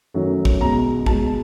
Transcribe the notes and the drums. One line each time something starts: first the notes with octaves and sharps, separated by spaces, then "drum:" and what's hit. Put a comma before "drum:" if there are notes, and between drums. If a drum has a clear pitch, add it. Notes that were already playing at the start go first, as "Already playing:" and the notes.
F#2 D#3 F#3 A3
drum: kick
B2 G#3 A#5
B2 G#3 A5, drum: kick